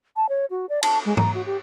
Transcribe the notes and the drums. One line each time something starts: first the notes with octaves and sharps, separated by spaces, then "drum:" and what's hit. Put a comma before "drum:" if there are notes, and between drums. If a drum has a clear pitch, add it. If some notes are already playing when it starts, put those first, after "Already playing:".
A5
C#5
F#4
D5
A5, drum: cymbal
G#3
A#5, drum: tom G#2
F#4
G4